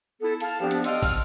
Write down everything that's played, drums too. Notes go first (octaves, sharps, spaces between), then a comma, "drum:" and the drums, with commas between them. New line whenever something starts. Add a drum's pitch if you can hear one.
B3 E4 A4
F5 A5, drum: hi-hat
F3 B3 C4 D4 G4
drum: hi-hat
D#5 F5 G5 C6 E6, drum: hi-hat
F6, drum: kick, open hi-hat